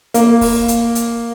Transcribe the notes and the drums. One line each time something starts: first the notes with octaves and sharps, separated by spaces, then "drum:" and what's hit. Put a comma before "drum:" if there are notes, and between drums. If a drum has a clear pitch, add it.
A#3, drum: hi-hat
drum: kick, open hi-hat
drum: hi-hat
drum: hi-hat